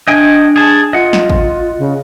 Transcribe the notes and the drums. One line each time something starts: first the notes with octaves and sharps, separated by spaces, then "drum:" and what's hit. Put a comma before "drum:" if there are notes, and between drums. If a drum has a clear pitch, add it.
D4 D#5 G5 G#5
G#4 A5
F4 D#5 F#5
drum: snare
drum: kick G#1
C#3